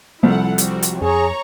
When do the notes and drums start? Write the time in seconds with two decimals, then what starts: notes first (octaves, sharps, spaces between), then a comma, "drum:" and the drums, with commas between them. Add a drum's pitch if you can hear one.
0.23 C2 F3 E4 A4 F#5
0.58 G3 C4 F#4, drum: hi-hat
0.82 drum: hi-hat
1.02 F2 G#4 C#5 A#5 C#6